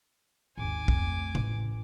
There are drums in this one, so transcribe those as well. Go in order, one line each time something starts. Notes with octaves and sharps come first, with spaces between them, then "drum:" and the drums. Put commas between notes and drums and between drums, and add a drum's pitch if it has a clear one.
G#1 D#2 G#5 D6
F2 A3, drum: kick
A1, drum: tom C3